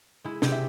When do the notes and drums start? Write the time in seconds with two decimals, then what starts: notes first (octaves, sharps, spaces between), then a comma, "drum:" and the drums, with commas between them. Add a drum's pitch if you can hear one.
0.24 G#3 E4
0.42 C3 G4, drum: snare
0.52 E5